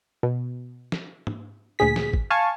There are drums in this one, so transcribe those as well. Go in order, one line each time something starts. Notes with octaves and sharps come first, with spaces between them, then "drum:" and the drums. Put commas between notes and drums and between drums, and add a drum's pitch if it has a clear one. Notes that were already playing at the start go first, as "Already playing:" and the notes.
B2
drum: snare
drum: tom
D2 A#2 G#4 B6
drum: snare
drum: kick
F5 G#5 A5 C#6